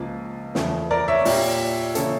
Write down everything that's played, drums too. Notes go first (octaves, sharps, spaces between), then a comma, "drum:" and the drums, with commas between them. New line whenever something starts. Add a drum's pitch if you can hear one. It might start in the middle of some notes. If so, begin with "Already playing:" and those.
Already playing: C#2 C#3 F3 A#3
E2 C#3 F3 A3, drum: snare
A#4 D5
C#5 E5
A#2 G3 A#3, drum: open hi-hat
C#3 E3 A#3 A4 C#5, drum: hi-hat